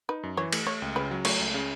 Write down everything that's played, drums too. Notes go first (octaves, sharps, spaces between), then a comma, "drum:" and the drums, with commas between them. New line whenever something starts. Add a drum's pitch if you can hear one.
D#4 B4
F#2
E3 C#5
A3, drum: cymbal
A3 C#5
C#2
C#3 B4
F#3
A3 C#5, drum: cymbal
C#2
C#3